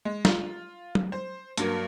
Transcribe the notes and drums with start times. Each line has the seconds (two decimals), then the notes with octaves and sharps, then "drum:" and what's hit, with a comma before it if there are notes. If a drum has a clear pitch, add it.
0.05 G#3
0.25 F4, drum: snare
0.95 drum: tom F#3
1.12 C5
1.57 G2 F#3 A#3, drum: hi-hat